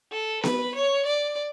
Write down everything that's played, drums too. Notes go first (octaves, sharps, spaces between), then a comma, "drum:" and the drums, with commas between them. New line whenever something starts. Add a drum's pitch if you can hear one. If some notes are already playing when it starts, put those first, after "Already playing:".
A4
B4, drum: snare B3
C#5
D5